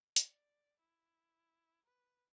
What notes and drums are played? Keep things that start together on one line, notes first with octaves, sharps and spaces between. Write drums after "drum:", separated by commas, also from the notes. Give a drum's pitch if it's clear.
D5, drum: hi-hat
E4
B4